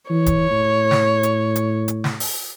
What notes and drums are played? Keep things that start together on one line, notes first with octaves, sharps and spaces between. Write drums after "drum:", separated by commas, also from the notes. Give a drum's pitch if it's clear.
E3 C#5
drum: kick, hi-hat
A2
drum: snare
drum: hi-hat
drum: hi-hat
drum: hi-hat
drum: snare
drum: open hi-hat